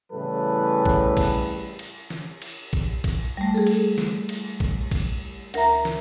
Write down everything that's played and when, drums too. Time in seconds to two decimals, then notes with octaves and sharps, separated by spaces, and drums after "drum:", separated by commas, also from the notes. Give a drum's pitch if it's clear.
0.12 A2 C#3 E3 G3 A4 B4
0.86 drum: kick
1.17 drum: kick, cymbal
1.79 drum: cymbal
2.10 drum: snare
2.42 drum: cymbal
2.73 drum: kick
3.04 drum: kick, cymbal
3.37 G3 A3
3.54 G#4 A4
3.67 drum: cymbal
3.98 drum: snare
4.29 drum: cymbal
4.60 drum: kick
4.91 drum: kick, cymbal
5.54 D2 A#4 E5 A#5, drum: cymbal
5.85 drum: snare